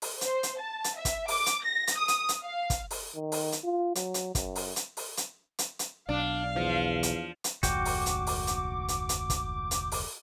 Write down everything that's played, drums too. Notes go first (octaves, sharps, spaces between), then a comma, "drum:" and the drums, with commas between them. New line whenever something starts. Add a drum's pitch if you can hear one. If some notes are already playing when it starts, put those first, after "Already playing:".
drum: open hi-hat
C5, drum: hi-hat
drum: hi-hat
A5
drum: hi-hat
E5
drum: kick, hi-hat
D6, drum: open hi-hat
drum: hi-hat
A#6
drum: hi-hat
D#6
drum: hi-hat
drum: hi-hat
F5
drum: kick, hi-hat
drum: open hi-hat
D#3
drum: open hi-hat
drum: hi-hat
F4
F#3, drum: hi-hat
drum: hi-hat
F#2, drum: kick, hi-hat
drum: open hi-hat
drum: hi-hat
drum: open hi-hat
drum: hi-hat
drum: hi-hat
drum: hi-hat
B1 D4 F5
E2 F3
drum: hi-hat
drum: hi-hat
F1 D2 G#2 F#4 G5 D6, drum: kick, hi-hat
drum: open hi-hat
drum: hi-hat
drum: open hi-hat
drum: hi-hat
drum: hi-hat
drum: hi-hat
drum: kick, hi-hat
drum: hi-hat
drum: open hi-hat